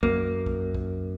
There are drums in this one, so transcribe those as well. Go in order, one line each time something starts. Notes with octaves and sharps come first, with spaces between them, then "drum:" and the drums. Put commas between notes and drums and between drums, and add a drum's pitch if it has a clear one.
F#2 A#3, drum: kick B1
drum: kick B1
drum: kick B1